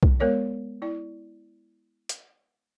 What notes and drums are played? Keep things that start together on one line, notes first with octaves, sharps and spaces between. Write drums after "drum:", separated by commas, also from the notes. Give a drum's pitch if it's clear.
drum: kick B1
G#3 B3 A#4 C#5 D5
E4 D5
drum: hi-hat